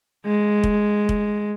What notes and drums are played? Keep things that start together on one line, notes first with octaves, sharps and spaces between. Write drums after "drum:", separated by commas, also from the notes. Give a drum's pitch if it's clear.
G#3
drum: kick
drum: kick